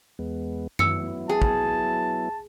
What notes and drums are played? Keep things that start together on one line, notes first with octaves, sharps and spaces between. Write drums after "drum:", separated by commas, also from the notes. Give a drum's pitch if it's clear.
E2 G#3 B3
F#3 B3 E4 E6 C#7, drum: tom
G#4 A5
drum: kick